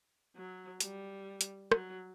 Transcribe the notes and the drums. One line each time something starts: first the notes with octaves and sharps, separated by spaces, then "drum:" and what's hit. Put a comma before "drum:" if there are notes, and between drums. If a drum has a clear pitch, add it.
F#3
G3, drum: hi-hat
drum: hi-hat
F#3, drum: rim click